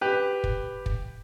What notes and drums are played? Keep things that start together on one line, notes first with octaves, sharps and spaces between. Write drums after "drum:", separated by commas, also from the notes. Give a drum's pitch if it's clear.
G4 B4
drum: kick
drum: kick